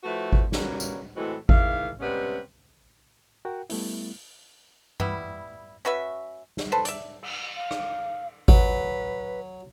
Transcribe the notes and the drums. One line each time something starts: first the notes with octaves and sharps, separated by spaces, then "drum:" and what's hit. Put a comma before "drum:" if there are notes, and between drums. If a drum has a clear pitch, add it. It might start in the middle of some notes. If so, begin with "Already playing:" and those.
F3 A3 E4 F#4 B4
drum: kick G#1
B2 F#3 G3 A#3 C#4, drum: snare
drum: tambourine
A2 E3 G#3 C4 F#4 A4
G#2 D#3 E3 E5 F5, drum: kick G#1
C3 G3 G#3 B3 C#4 B4
F#4 A#4 F#5 G5
G3 A3 B3 E4, drum: open hi-hat
G3 B3 E4, drum: tom G2
C#4 F#4 B4 E5
drum: snare
A4 B4 C5
D5 E5, drum: hi-hat
drum: cymbal
F5
drum: rim click
F#3 B4, drum: kick G#1